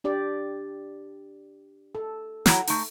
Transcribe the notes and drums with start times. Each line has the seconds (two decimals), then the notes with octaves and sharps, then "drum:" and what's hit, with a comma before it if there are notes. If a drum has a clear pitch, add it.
0.04 D4 G4 D5
1.95 A4
2.46 F#3 E4 A#5, drum: snare
2.67 A3 D#4, drum: open hi-hat